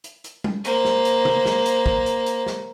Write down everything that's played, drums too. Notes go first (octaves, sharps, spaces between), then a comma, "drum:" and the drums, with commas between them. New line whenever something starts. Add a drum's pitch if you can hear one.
drum: hi-hat
drum: hi-hat
drum: tom G3
A#3 C5, drum: hi-hat
drum: snare
drum: hi-hat
drum: tom C3
drum: snare
drum: hi-hat
drum: kick
drum: hi-hat
drum: hi-hat
drum: snare